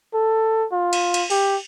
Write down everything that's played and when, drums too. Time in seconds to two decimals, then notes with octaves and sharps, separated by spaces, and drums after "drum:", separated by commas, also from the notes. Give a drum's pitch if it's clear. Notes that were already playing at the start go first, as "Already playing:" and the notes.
0.14 A4
0.72 F4
0.93 drum: cymbal
1.14 drum: cymbal
1.30 G4, drum: cymbal